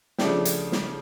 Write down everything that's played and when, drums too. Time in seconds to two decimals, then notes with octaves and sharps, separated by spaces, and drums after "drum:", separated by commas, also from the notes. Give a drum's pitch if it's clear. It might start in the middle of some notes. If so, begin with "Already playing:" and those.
0.18 C#3 F3 A3 D4 G4, drum: snare
0.45 drum: hi-hat
0.72 drum: snare